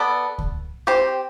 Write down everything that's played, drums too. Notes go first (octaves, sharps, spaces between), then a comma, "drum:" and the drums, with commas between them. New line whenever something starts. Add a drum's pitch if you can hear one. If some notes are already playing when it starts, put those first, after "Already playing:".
Already playing: B3 A4 D5
drum: kick C#2
C4 G4 C5